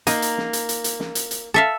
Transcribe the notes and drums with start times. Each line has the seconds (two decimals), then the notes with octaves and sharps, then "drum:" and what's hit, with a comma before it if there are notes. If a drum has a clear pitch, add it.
0.07 A#3 D#4, drum: hi-hat
0.22 drum: hi-hat
0.38 drum: snare
0.53 drum: hi-hat
0.69 drum: hi-hat
0.84 drum: hi-hat
1.00 drum: snare
1.15 drum: hi-hat
1.31 drum: hi-hat
1.54 A4 E5 F5